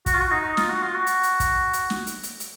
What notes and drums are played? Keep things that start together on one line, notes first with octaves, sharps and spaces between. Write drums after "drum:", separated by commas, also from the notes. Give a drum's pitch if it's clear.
F#4, drum: kick, hi-hat
F4
F#4
D#4
F4, drum: snare
F#4
F4
F#4
drum: hi-hat
drum: hi-hat
drum: kick, hi-hat
drum: hi-hat
drum: snare
drum: hi-hat
drum: hi-hat
drum: hi-hat